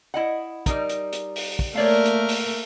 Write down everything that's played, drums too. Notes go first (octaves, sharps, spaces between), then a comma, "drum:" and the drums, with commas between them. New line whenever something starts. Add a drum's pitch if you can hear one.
E4 D#5 F#5
G3 D#4 A#4, drum: kick, hi-hat
drum: hi-hat
drum: hi-hat
drum: open hi-hat
drum: kick
A3 A#3 A#4 C#5 D5 F5
drum: hi-hat
drum: open hi-hat